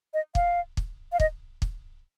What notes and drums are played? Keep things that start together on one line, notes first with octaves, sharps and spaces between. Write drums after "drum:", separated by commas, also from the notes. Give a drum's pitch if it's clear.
D#5
F5, drum: kick
drum: kick
F5
D#5, drum: kick
drum: kick